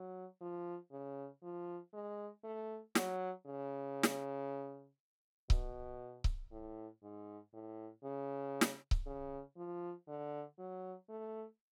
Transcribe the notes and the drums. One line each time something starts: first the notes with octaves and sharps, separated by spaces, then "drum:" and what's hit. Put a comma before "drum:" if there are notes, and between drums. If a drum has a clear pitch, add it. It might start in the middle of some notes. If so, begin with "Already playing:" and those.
Already playing: F#3
F3
C#3
F3
G#3
A3
F#3, drum: snare
C#3
drum: snare
B2, drum: kick C#1
drum: kick C#1
A2
G#2
A2
C#3
drum: snare
drum: kick C#1
C#3
F3
D3
F#3
A3